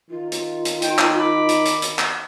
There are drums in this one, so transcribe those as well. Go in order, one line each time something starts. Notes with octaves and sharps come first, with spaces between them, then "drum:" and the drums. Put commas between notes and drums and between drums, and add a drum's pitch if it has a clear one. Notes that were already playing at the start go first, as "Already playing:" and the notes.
D#3 F4
drum: hi-hat
drum: hi-hat
D#4 G5, drum: hi-hat
drum: clap
B5 D6
drum: hi-hat
drum: hi-hat
drum: hi-hat
drum: clap